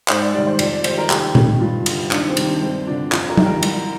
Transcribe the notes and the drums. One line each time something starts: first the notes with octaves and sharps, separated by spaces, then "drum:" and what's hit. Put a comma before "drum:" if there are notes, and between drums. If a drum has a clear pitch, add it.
G#2 C5, drum: clap
D5
D#3 G3 D5
C5
F2 D5, drum: cymbal
D5
D#3 G3 C5, drum: cymbal
A#4
D#2 G4, drum: clap
D#3 G3, drum: tom A#2
G2 F4
D3 G3, drum: cymbal
D#2 D4, drum: clap
C4
D#3 G3, drum: cymbal
D4
G2 C4
D3 F3 D4
F2 F4, drum: clap
A#4
D#3 G3, drum: tom F#3
A#4
C2, drum: cymbal